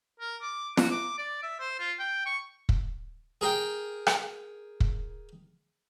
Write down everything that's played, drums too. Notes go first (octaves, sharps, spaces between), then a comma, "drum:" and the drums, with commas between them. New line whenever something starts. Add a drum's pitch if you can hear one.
A#4
D6
F#4, drum: snare
D6
D5
E5
C5
F4
G5
C#6
drum: kick
G#4 A#4 G5
drum: rim click
drum: kick